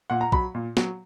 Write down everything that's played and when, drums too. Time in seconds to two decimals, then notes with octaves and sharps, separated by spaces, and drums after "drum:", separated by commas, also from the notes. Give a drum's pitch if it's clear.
0.10 A#2 F#5
0.21 A#5
0.32 F#3 B5, drum: kick
0.55 A#2
0.77 F#3, drum: snare